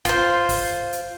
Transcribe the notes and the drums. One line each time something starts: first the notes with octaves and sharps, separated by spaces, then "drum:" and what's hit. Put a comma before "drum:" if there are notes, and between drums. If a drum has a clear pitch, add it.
F4 C5, drum: kick, hi-hat
drum: kick, open hi-hat
drum: hi-hat